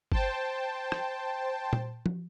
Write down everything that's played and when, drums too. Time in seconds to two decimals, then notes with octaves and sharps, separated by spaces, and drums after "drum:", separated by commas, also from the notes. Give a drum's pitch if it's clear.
0.12 C5 G5 A5, drum: kick G1
0.92 drum: rim click
1.73 drum: tom
2.06 drum: tom F3